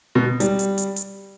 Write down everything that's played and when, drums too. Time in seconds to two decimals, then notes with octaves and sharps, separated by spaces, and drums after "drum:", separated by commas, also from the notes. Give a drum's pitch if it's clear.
0.15 B2
0.40 G3, drum: hi-hat
0.59 drum: hi-hat
0.78 drum: hi-hat
0.96 drum: hi-hat